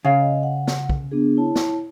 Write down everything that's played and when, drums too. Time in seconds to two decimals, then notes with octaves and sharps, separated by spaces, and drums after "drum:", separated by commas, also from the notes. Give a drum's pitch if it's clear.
0.05 C#3 F5
0.20 D#5
0.43 F#5
0.67 drum: snare
0.89 drum: kick
1.11 B3 D4 G#4
1.37 E4 C#5 A5
1.56 drum: snare